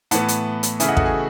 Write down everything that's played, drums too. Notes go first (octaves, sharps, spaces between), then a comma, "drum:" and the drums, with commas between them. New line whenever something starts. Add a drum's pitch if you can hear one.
A2 E3 B3 F#5 A5, drum: hi-hat
drum: hi-hat
drum: hi-hat
C#3 E3 A3 E5 G#5, drum: hi-hat
D#5 F#5
F#4 A4, drum: kick
G#4